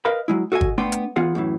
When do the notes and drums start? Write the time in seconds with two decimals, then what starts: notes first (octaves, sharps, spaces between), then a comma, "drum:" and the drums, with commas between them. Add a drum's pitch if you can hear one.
0.05 A#4 B4 D#5 F5 B5
0.28 F#3 G#3 E4
0.52 F#4 A4 D#5 F5 G#5
0.61 drum: kick
0.78 A3 B3 D4 G5 B5 C6
0.92 drum: hi-hat
1.16 E2 E3 B3 F4 G#4 F#5
1.35 F#2 A2 E3